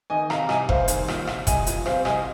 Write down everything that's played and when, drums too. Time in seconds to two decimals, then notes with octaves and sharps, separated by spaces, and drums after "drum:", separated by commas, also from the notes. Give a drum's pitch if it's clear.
0.10 D#3 D#5 G#5
0.30 C3 F5 A#5, drum: rim click
0.49 C2 D#5 G#5, drum: rim click
0.69 C2 C5 F5, drum: kick F#1
0.88 D#3, drum: hi-hat
1.08 A#2, drum: rim click
1.27 C2, drum: rim click
1.47 C2 D#5 G#5, drum: kick F#1, hi-hat
1.67 F3, drum: hi-hat
1.86 C3 C5 F5, drum: rim click
2.05 C2 D#5 G#5, drum: rim click